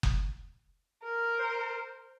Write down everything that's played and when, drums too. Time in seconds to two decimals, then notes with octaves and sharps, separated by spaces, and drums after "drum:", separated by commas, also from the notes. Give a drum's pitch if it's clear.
0.03 drum: kick F#1
1.04 A#4
1.39 C5